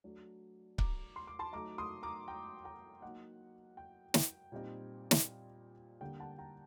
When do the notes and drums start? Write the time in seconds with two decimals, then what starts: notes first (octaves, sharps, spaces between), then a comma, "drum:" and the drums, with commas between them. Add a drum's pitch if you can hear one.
0.04 F#3 A3 D4
0.78 A#5 D6, drum: kick C#1
1.16 C6
1.27 D6
1.39 A5 C6
1.53 F#3 A3 D#4 A#5 D6
1.78 C6 D#6
2.03 A#5 D6
2.28 G5 A#5
2.65 G5 A#5
3.02 F#3 A#3 D#4 F#5
3.77 G5
4.14 G5, drum: snare
4.52 A#2 G3 C4 D#4
5.11 drum: snare
6.01 D3 G3 A#3 G5
6.19 F#5 A5
6.38 G5 A#5